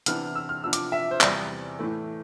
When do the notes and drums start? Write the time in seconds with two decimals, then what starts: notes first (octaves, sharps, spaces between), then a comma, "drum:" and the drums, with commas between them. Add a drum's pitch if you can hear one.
0.06 C3 E3 B3 D4 F6, drum: hi-hat
0.35 E6
0.49 F6
0.64 C3 F3 B3 D4 E6
0.73 D6, drum: hi-hat
0.92 E5
1.11 C5
1.21 E2 C3 G3 D5, drum: clap
1.79 A2 E3 A3